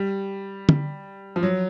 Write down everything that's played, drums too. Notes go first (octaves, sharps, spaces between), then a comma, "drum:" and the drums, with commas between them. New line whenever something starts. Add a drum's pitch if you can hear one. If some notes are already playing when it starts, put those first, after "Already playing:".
Already playing: G3
drum: tom
F3
F#3